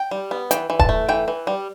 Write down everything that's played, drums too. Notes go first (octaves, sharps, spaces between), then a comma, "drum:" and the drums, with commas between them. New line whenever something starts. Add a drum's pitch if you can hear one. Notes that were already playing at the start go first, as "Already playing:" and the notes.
Already playing: G5
G3
B3
E3 G5, drum: hi-hat
E3
A5, drum: kick D#1
A3
E3 G5
E3
G3